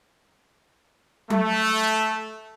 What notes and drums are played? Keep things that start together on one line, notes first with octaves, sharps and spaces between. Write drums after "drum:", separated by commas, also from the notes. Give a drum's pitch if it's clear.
A3, drum: tom F#3